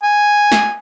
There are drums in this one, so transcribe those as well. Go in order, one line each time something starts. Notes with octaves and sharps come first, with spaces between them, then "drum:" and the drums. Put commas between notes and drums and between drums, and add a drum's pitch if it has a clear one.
G#5
drum: snare